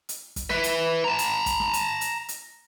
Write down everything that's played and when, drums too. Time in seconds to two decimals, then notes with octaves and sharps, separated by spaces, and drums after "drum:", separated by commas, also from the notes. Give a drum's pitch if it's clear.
0.09 drum: hi-hat
0.36 drum: kick, hi-hat
0.50 B4 E5, drum: snare
0.64 drum: hi-hat
1.04 A5 A#5
1.19 drum: hi-hat
1.46 drum: kick, hi-hat
1.60 drum: snare
1.74 drum: hi-hat
2.01 drum: hi-hat
2.29 drum: hi-hat